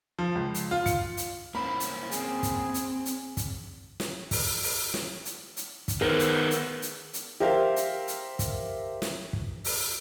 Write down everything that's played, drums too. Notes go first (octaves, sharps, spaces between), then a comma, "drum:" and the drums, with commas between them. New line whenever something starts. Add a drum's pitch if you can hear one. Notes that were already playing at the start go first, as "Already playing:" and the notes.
F3
C#2
drum: hi-hat
F4
C#7, drum: kick, hi-hat
drum: hi-hat
A#3 C#4 E4 C5 B5
drum: hi-hat
C4 G#4, drum: hi-hat
drum: kick, hi-hat
drum: hi-hat
drum: hi-hat
drum: kick, hi-hat
drum: snare
drum: kick, open hi-hat
drum: open hi-hat
drum: snare
drum: hi-hat
drum: hi-hat
drum: kick, hi-hat
D#3 B3 G#4 A#4 C5
drum: hi-hat
drum: hi-hat
drum: hi-hat
drum: hi-hat
G4 A#4 C5 E5 F5
drum: hi-hat
drum: hi-hat
drum: kick, hi-hat
drum: snare
drum: kick
drum: open hi-hat